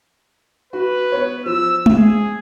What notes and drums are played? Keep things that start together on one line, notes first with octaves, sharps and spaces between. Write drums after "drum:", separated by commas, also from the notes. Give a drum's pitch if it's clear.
F#4 B4
B3 C#5
F3 E6
drum: tom G#3
G#4